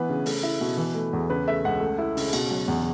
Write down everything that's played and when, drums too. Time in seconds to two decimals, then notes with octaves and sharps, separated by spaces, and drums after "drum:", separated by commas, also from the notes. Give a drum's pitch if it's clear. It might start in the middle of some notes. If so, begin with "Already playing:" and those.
Already playing: E3 B3 B4
0.09 C#3
0.26 A3, drum: open hi-hat
0.43 E4
0.61 B2
0.77 E3
0.95 A3
1.13 E2
1.30 C#3 B4
1.47 A3 E5
1.65 C#2 F#5
1.81 A3
1.98 E4
2.17 C#3, drum: open hi-hat
2.33 B2, drum: cymbal
2.51 F#3
2.68 E2